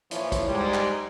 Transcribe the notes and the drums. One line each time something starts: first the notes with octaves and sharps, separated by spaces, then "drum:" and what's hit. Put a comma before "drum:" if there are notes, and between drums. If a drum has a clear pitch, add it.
A#2 E3 F3 E4 C#5, drum: hi-hat
drum: kick, hi-hat
G#2 G3 G#3
drum: clap